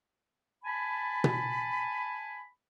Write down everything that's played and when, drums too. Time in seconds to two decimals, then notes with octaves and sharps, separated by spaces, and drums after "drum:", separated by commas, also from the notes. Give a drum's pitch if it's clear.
0.65 G#5 A5 B5
1.24 drum: tom B2